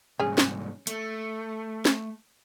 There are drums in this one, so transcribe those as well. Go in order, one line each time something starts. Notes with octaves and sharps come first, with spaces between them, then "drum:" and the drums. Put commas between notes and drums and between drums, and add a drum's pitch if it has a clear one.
C2 G#2 C#4 G#4
drum: snare
A3, drum: hi-hat
drum: snare